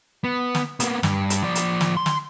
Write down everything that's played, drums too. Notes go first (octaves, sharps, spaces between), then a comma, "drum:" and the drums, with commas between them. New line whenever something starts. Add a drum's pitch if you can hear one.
B3
drum: snare
A#3 B3, drum: hi-hat
G2, drum: snare
drum: hi-hat
F3 D5
drum: hi-hat
drum: snare
C6
drum: snare